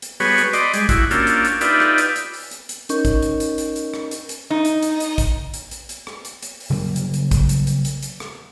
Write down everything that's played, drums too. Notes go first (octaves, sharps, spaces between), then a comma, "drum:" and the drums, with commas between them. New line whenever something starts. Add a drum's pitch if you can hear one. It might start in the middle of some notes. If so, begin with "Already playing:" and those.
drum: hi-hat
G3 B3 F#4 G#4 B4 C#5, drum: open hi-hat
drum: hi-hat
D5 D#5 B5 C6 D6, drum: hi-hat
G3 G#3, drum: hi-hat
E4 F#4, drum: kick, hi-hat
A#3 C#4 D4 F4 G4 E6, drum: hi-hat
drum: hi-hat
drum: hi-hat
D#4 F4 G4 B4 D5 E5, drum: hi-hat
drum: rim click
drum: hi-hat
drum: hi-hat
drum: open hi-hat
drum: hi-hat
drum: hi-hat
C#4 D#4 A#4 D#5 C#6 G6, drum: hi-hat
drum: kick, hi-hat
drum: hi-hat
drum: hi-hat
drum: hi-hat
drum: hi-hat
drum: rim click
drum: hi-hat
drum: hi-hat
D#4
drum: hi-hat
drum: hi-hat
drum: hi-hat
drum: kick, hi-hat
drum: hi-hat
drum: hi-hat
drum: hi-hat
drum: rim click
drum: hi-hat
drum: hi-hat
drum: open hi-hat
C#3 F#3 G3 A#3
drum: hi-hat
drum: hi-hat
drum: kick, hi-hat
drum: hi-hat
drum: hi-hat
drum: hi-hat
drum: hi-hat
drum: rim click